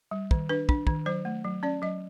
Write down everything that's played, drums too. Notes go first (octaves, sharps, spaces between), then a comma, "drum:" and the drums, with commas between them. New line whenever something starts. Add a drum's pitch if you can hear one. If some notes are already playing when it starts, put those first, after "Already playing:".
G3
D#3, drum: kick
D4 B4
D4, drum: kick
D#3, drum: kick
F#3 C5
A3
F#3
C#4 D5
F#3 D#5